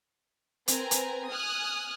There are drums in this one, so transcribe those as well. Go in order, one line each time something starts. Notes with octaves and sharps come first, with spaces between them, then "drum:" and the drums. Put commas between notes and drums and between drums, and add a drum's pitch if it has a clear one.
C4 A#4 B4 G#5 A#5, drum: hi-hat
drum: hi-hat
G#5 D#6 F6 F#6 G#6